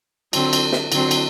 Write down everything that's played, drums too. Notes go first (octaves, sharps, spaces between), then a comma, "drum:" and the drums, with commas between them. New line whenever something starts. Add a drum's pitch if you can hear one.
D3 F#3 C4, drum: cymbal
drum: cymbal
drum: snare
D3 F#3 C4, drum: cymbal
drum: cymbal